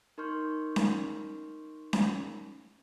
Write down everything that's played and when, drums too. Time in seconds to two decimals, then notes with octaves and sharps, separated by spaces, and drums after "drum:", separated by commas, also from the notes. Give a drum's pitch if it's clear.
0.18 D#4 A#4 C6 C#6 F6 G6
0.76 drum: snare C#4
1.93 drum: snare C#4